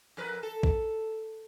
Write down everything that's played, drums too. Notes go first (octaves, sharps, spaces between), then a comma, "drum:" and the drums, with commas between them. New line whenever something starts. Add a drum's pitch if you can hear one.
F2 A#4 B4
A4
drum: kick A#1